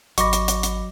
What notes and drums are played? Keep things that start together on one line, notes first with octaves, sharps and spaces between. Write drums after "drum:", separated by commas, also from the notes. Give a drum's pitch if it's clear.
G#1 F#3 D#5 B5 C#6 D6 A#6, drum: hi-hat
drum: hi-hat
drum: hi-hat
drum: hi-hat